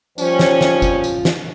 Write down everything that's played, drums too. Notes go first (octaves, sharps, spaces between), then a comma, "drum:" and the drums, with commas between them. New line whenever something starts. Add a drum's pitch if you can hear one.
D#2 F3 G3 C#4, drum: tambourine
drum: snare
drum: snare
drum: kick F#1, tambourine
drum: tambourine
drum: snare